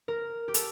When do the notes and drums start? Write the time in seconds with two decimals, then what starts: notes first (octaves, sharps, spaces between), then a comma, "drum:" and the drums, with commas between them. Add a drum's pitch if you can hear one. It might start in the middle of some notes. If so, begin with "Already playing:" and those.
0.08 A#4
0.48 G4
0.54 A4, drum: hi-hat